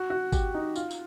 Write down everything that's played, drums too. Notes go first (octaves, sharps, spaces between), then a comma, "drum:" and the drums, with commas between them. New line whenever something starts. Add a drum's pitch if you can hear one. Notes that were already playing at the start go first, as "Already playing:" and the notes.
Already playing: F#4
F#4
G4, drum: kick, tambourine
D#4
F4, drum: tambourine
drum: tambourine